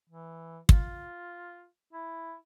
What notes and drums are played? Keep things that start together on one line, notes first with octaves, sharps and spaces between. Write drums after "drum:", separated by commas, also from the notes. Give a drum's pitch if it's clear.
E3
F4, drum: kick
E4